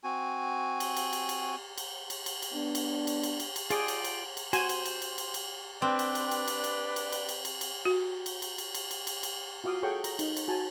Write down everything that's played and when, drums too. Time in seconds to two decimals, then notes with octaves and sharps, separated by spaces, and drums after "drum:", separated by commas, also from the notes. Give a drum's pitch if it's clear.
0.04 C4 F#4 G#5
0.80 drum: cymbal
0.96 drum: cymbal
1.13 drum: cymbal
1.29 drum: cymbal
1.78 drum: cymbal
2.10 drum: cymbal
2.26 drum: cymbal
2.42 drum: cymbal
2.53 B3 D4
2.75 drum: cymbal
3.07 drum: cymbal
3.23 drum: cymbal
3.40 drum: cymbal
3.56 drum: cymbal
3.70 F4 G#4 D5 G5, drum: cymbal
3.88 drum: cymbal
4.04 drum: cymbal
4.37 drum: cymbal
4.53 F#4 C5 G#5, drum: cymbal
4.69 drum: cymbal
4.85 drum: cymbal
5.02 drum: cymbal
5.18 drum: cymbal
5.34 drum: cymbal
5.82 C4 D4 B4 D5
5.99 drum: cymbal
6.15 drum: cymbal
6.31 drum: cymbal
6.48 drum: cymbal
6.64 drum: cymbal
6.96 drum: cymbal
7.12 drum: cymbal
7.29 drum: cymbal
7.45 drum: cymbal
7.61 drum: cymbal
7.85 F#4
8.26 drum: cymbal
8.42 drum: cymbal
8.58 drum: cymbal
8.74 drum: cymbal
8.91 drum: cymbal
9.07 drum: cymbal
9.23 drum: cymbal
9.64 F4 F#4 F5 D6 D#6
9.83 G#4 A4 C#5 F#5 G5 C#6
10.04 A#5, drum: cymbal
10.19 D#4, drum: cymbal
10.37 drum: cymbal
10.48 F#4 G#5 A5